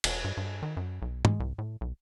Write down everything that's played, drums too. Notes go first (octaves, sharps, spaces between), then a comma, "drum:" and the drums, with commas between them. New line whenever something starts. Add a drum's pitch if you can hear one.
E1, drum: cymbal
G2
G2
D#3
F#2
B1
G#3, drum: tom
C2
A2
B1